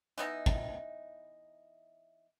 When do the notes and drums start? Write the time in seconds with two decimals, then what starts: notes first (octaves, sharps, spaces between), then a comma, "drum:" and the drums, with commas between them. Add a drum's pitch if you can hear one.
0.18 E3 B3 D#4, drum: hi-hat
0.46 drum: kick